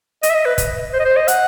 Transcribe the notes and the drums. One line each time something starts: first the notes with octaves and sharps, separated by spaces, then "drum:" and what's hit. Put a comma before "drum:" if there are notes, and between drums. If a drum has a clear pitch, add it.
D#5, drum: hi-hat
E5
D#5
B4
drum: kick, hi-hat
C5
D#5
C5
D#5
F#5, drum: hi-hat